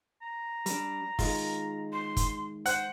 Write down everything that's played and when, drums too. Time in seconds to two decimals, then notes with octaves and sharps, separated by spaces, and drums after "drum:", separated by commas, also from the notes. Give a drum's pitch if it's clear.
0.22 A#5
0.66 G3 D4, drum: hi-hat
1.19 D#3 G#3 F4, drum: kick, open hi-hat
1.93 C6
2.17 drum: kick, hi-hat
2.66 C5 F#5 F#6, drum: hi-hat